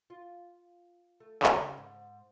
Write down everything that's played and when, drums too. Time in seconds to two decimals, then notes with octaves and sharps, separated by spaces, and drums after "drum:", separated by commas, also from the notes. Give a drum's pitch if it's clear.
0.10 F4
1.20 A3
1.43 C#3, drum: clap
1.78 G#2